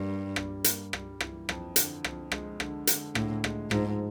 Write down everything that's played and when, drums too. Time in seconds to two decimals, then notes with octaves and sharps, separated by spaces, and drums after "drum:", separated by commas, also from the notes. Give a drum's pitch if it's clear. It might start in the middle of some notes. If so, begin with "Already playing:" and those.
Already playing: G2 A#3
0.09 G3
0.36 G3, drum: rim click
0.64 A#3, drum: hi-hat
0.93 G3, drum: rim click
1.20 E3, drum: rim click
1.49 F2, drum: rim click
1.76 D3, drum: hi-hat
2.04 F2, drum: rim click
2.32 G#3, drum: rim click
2.60 D3, drum: rim click
2.87 D3, drum: hi-hat
3.15 A2 D3, drum: rim click
3.44 G#3, drum: rim click
3.71 G#2 F3, drum: rim click